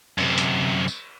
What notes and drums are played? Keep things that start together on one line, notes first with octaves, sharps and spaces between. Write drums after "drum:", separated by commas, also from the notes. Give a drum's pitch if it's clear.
F#2 C3, drum: cymbal
drum: hi-hat
drum: tambourine